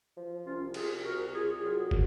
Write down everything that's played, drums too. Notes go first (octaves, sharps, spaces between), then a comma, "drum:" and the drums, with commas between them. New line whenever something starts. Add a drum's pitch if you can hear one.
F3
C2 C#4 F4
C3 F4 G#4, drum: cymbal
C2 F#4 A#4
C2 F4 G#4
F#3 F4 G#4
C3, drum: kick